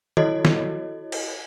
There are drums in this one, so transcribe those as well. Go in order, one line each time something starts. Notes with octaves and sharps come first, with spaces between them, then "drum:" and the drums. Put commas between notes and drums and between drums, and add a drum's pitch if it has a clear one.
E4 F#4 A4 C#5 D#5, drum: tom
drum: snare
drum: cymbal